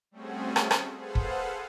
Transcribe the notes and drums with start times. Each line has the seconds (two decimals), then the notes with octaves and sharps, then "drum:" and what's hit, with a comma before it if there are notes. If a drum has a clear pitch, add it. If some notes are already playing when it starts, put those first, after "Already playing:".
0.11 G3 A3 C4 C#4 F#4 G#4
0.56 drum: rim click
0.71 drum: rim click
0.95 G#4 A4 B4 C5 F5 F#5
1.15 drum: kick